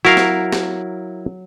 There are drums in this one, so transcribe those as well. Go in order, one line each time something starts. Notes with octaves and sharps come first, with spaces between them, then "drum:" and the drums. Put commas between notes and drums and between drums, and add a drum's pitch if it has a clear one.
F#3 E4 A#4 F5
drum: snare
drum: snare